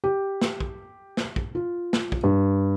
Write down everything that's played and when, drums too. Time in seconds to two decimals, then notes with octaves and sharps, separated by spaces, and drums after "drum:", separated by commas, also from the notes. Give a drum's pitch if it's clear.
0.04 G4
0.42 drum: snare
0.60 drum: kick
1.17 drum: snare
1.36 drum: kick
1.55 F4
1.93 drum: snare
2.12 drum: kick
2.24 G2